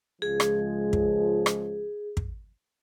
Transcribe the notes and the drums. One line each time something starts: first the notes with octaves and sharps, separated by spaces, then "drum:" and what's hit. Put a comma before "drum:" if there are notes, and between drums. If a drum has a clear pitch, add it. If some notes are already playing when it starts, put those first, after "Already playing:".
C#2 F3 G#3 G#4
drum: rim click
drum: kick
drum: rim click
drum: kick